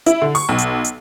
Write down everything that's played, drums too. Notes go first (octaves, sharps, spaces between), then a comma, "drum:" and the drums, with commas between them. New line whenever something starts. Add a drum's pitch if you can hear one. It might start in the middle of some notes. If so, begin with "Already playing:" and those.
E4, drum: hi-hat
D3
C#6, drum: open hi-hat
B1
drum: hi-hat
drum: hi-hat